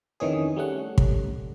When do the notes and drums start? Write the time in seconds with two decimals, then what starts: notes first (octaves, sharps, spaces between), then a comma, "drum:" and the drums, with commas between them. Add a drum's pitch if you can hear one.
0.20 F2 D#3 E3 C#4 G#4
0.56 G3 A3 C#4 F#5
0.98 drum: kick